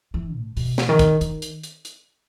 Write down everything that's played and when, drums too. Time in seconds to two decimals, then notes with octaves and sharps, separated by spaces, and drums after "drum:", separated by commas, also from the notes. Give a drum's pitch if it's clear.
0.14 E3
0.36 A2
0.57 B2, drum: open hi-hat
0.78 drum: snare
0.89 D#3
0.99 drum: kick, hi-hat
1.21 D#3, drum: hi-hat
1.42 drum: hi-hat
1.63 drum: hi-hat
1.85 drum: hi-hat